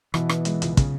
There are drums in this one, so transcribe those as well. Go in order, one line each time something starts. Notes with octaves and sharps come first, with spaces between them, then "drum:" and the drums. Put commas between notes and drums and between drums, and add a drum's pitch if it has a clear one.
B2 E3, drum: rim click
B3, drum: rim click
G#3, drum: hi-hat
C#2, drum: hi-hat
C#3, drum: kick, hi-hat